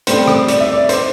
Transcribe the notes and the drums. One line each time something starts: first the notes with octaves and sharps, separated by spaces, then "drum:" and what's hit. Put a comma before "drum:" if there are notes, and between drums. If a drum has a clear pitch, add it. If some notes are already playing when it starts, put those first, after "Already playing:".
A2 G3 C4 C5, drum: hi-hat
drum: rim click
D5, drum: hi-hat
E5
D5
C5, drum: hi-hat